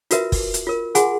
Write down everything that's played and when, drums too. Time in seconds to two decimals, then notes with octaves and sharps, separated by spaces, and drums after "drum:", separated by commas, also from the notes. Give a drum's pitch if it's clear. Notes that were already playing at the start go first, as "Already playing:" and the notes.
0.11 F4 F#4 A#4 B4 E5, drum: hi-hat
0.32 drum: kick, open hi-hat
0.54 drum: hi-hat
0.67 F4 A#4
0.95 F4 G#4 F#5 G#5 C6, drum: hi-hat